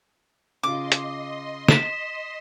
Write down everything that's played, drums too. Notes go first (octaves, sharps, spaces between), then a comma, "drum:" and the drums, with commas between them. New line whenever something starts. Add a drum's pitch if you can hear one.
C#3 F4 D#5 C6 D6
drum: hi-hat
B6 E7, drum: snare